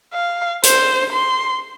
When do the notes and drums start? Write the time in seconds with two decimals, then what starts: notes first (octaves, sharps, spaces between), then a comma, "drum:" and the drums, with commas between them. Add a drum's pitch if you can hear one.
0.13 F5
0.63 C5, drum: hi-hat
1.12 C6